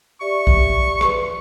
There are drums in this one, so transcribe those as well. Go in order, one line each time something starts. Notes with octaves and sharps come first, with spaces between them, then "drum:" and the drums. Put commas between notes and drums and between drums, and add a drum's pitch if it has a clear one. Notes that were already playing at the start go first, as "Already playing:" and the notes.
G4 D5 E5 C#6
drum: kick A#1
B4 C6, drum: rim click